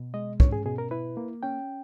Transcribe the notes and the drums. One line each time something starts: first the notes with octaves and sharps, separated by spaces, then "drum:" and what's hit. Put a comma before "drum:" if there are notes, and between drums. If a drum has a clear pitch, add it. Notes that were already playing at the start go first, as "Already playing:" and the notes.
Already playing: B2
G#3 D#5
C#4 C#5, drum: kick
G#4
B2 G#4
A#4
E4 B4
A#3
C#4 G5